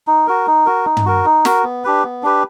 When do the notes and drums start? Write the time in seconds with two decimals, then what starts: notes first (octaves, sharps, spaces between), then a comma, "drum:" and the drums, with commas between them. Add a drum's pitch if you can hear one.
0.07 D#4
0.27 F#4 A#4
0.47 D#4
0.66 F#4 A#4
0.86 D#4
0.97 drum: tom
1.06 F#4 A#4
1.25 D#4
1.45 F#4 A#4, drum: snare
1.64 B3
1.84 D4 G4 B4
2.04 B3
2.23 D4 G4 B4